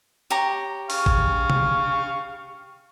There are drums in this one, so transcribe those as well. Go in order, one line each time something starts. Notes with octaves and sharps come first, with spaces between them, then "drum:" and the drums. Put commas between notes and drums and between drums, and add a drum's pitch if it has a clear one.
G4 C#5 A#5
F5 C#6, drum: open hi-hat
drum: kick
drum: tom C3